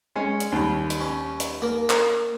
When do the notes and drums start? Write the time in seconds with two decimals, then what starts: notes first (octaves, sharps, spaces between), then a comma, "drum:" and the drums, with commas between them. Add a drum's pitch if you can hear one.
0.16 G#3 C#4
0.40 drum: hi-hat
0.52 D#2 G3
0.90 drum: hi-hat
1.01 C#4
1.40 drum: hi-hat
1.62 A#3
1.90 drum: clap